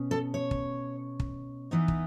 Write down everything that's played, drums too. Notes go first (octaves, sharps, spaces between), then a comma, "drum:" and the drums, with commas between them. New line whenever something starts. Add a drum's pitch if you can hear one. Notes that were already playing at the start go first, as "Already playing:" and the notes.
Already playing: B2 C#4
A4
C#5
drum: kick
drum: kick
E3 B3 D#4
drum: kick